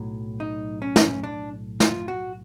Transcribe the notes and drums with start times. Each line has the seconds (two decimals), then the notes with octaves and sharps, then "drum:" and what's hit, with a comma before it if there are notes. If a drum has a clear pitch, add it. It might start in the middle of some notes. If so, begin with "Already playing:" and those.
Already playing: B1 A2 F#3
0.40 D#4
0.82 C#4
0.96 drum: snare
1.24 D4
1.80 F4, drum: snare
2.08 F#4